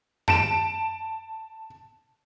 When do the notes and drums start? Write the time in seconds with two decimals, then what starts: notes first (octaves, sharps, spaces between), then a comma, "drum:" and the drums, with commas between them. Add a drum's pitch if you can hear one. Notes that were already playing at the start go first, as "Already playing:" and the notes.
0.28 A5 D7 E7, drum: tom F#2